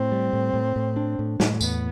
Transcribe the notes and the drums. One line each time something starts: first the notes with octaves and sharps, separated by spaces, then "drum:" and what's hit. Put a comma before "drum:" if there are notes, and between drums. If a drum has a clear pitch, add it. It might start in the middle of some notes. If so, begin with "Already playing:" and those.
Already playing: A2 C4
G3
A2
A2
A2
D4
A2
A2, drum: snare
E2 B3, drum: tambourine